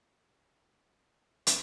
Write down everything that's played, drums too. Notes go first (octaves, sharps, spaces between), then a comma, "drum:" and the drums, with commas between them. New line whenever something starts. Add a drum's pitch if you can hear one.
D#5 C6
drum: hi-hat